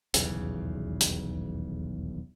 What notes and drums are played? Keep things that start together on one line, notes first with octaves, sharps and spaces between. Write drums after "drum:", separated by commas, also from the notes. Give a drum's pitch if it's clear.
D#1 B1 E2 C#3, drum: hi-hat
drum: hi-hat